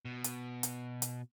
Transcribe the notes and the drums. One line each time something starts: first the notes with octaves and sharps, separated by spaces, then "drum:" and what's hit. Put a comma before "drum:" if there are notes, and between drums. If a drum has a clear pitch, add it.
B2
drum: hi-hat
drum: hi-hat
drum: hi-hat